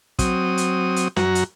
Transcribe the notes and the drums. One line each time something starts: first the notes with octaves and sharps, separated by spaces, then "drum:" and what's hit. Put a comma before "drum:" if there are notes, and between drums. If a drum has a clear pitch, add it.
F#3 C4 D#6, drum: kick, hi-hat
drum: hi-hat
drum: hi-hat
F#2 F#4 A#5, drum: snare
drum: hi-hat